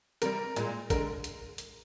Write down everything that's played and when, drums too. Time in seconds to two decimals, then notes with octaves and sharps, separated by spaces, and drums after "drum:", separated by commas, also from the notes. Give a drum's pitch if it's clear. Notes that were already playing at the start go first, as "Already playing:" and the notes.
0.22 C3 G3 A#4, drum: hi-hat
0.56 A#2 G#3, drum: hi-hat
0.90 D3 G#3 A#4, drum: kick, hi-hat
1.24 drum: hi-hat
1.58 drum: hi-hat